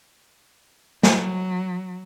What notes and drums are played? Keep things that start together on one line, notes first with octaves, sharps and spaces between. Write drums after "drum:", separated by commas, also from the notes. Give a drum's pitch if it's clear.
F#3, drum: snare